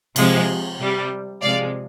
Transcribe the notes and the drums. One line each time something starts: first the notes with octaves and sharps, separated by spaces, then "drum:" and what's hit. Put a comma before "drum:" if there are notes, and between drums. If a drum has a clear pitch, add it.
C3 F3 G#3, drum: cymbal
C3 G3
C3 F3 G#3 D5 F5